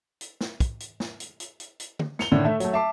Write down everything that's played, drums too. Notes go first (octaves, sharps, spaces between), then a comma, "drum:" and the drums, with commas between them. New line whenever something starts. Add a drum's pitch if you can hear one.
drum: hi-hat
drum: snare
drum: kick, hi-hat
drum: hi-hat
drum: snare
drum: hi-hat
drum: hi-hat
drum: hi-hat
drum: hi-hat
drum: tom D3
C#7 F7 G7, drum: snare
A2 D3 D#3
A3 E5
F#3 A3, drum: hi-hat
E5 A5 D6 C7